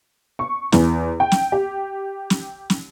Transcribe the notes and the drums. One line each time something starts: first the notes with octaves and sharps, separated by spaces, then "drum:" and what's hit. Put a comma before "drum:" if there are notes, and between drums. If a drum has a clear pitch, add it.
C#6
E2, drum: snare
G5
drum: snare
G4
drum: snare
drum: snare